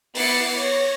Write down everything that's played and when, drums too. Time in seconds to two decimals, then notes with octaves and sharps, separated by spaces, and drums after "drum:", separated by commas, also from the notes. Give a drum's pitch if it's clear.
0.15 B3 E4 D6 A6 C7 C#7, drum: open hi-hat
0.56 C#5 A#6